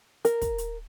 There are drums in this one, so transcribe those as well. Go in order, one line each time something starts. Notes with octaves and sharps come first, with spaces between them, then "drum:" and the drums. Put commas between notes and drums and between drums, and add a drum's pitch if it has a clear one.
A#4, drum: hi-hat
drum: kick, hi-hat
drum: hi-hat